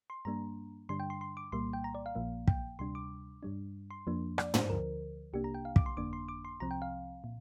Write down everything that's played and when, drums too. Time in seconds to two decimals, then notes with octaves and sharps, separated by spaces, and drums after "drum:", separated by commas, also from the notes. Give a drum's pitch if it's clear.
0.10 C6
0.25 G2 G3 A#3 D4 A#5
0.89 G2 D3 G3 D4 C6
1.00 G5
1.10 C6
1.21 C6
1.37 D6
1.52 C2 A#2 G3 A#3 C6
1.73 G5
1.84 A#5
1.95 D5
2.06 F5
2.15 A#1 A#2 F3 A#3
2.48 G5, drum: kick
2.79 D2 C3 G3 D4 C6
2.95 D6
3.43 G2 G3 D4
3.91 C6
4.07 F2 F3 A#3 D4
4.38 D5, drum: rim click
4.54 C5, drum: tom
4.70 D2 D3 F3 A#4
5.33 C2 C3 A#3 D4 G4
5.44 A#5
5.54 G5
5.65 F5
5.76 D6, drum: kick
5.86 C6
5.97 G1 F2 D3 A#3 D4 D6
6.13 C6
6.28 D6
6.45 C6
6.60 C2 C3 F3 C4 A#5
6.71 G5
6.82 F5
7.24 A#2